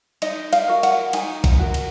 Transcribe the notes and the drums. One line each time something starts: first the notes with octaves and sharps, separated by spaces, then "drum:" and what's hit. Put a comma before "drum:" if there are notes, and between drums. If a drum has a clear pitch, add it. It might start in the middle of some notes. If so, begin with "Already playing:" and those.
D#4 D#5, drum: cymbal
F5, drum: cymbal
F#4 A#4
F#5, drum: cymbal
D#4 G#5, drum: cymbal
drum: kick A#1, cymbal
F#4 A#4
drum: cymbal